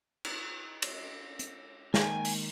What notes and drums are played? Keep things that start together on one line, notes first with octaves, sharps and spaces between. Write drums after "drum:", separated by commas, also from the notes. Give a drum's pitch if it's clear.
drum: cymbal
drum: cymbal
drum: hi-hat
D#3 G#3 A#3 G5 G#5, drum: snare
drum: open hi-hat